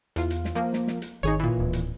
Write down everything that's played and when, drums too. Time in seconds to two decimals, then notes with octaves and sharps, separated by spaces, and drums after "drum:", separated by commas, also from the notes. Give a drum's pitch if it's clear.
0.16 E2 F4, drum: hi-hat
0.30 drum: hi-hat
0.45 drum: snare
0.55 F3 A#3
0.73 drum: snare
0.88 drum: snare
1.02 drum: hi-hat
1.23 G#1 D#3 D#4 G#4 C#5
1.39 A#2 E3
1.59 D1
1.73 drum: hi-hat